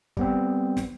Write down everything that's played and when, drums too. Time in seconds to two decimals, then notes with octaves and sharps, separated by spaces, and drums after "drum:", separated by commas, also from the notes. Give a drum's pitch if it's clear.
0.17 G3 B3 C4, drum: kick
0.77 drum: snare